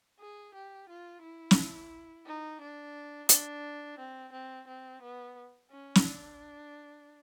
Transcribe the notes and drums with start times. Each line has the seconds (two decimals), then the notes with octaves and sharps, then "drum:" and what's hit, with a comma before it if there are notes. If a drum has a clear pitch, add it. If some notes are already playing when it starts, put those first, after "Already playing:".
0.20 G#4
0.55 G4
0.89 F4
1.23 E4
1.51 drum: snare
2.26 D#4
2.61 D4
3.29 D4, drum: hi-hat
3.99 C4
4.32 C4
4.68 C4
5.02 B3
5.71 C#4
5.95 drum: snare
6.05 D4